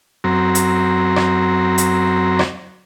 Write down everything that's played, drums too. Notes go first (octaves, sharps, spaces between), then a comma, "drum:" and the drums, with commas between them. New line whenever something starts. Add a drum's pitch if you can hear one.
F#2 F#3 C4 A#5
drum: hi-hat
drum: rim click
drum: hi-hat
drum: rim click